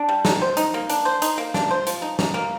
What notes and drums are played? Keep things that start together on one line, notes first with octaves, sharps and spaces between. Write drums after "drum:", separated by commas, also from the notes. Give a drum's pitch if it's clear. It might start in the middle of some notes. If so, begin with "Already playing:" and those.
Already playing: D4
G3
D#4, drum: snare
C5
D#4, drum: hi-hat
A#3
D4, drum: hi-hat
C5
D#4, drum: hi-hat
A#3
D4, drum: snare
C5
F3, drum: hi-hat
D#4
D#4, drum: snare
A#3